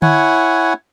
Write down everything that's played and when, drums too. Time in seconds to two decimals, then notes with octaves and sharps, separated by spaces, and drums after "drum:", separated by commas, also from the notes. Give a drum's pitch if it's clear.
0.02 E4 C#5 F#5 G#5, drum: tom D3